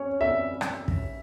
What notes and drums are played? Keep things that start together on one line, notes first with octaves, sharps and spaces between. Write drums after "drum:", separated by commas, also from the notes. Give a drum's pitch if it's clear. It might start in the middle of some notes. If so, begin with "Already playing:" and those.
Already playing: C#4 C#5
E5
drum: rim click
drum: kick